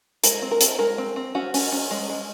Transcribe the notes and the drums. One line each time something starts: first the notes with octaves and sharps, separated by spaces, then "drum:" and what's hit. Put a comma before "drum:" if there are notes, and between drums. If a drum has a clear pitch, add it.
G#3 A#4, drum: hi-hat
C4
A#4
C4, drum: hi-hat
G#3 A#4
C4
C4
C#4 F#4
C#4, drum: open hi-hat
C#4
G#3
G#3